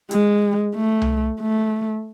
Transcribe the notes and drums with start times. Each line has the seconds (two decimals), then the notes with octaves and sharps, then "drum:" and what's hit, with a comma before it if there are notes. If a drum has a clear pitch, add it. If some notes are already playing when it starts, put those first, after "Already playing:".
0.11 G#3, drum: hi-hat
0.75 A3
1.02 drum: tom C2
1.41 A3